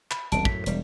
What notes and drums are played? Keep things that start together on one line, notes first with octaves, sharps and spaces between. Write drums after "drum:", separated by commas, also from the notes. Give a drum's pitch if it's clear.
B5, drum: clap
E1 C2 A5 D7, drum: hi-hat
F#2 A2 B6, drum: kick
E1 G3, drum: hi-hat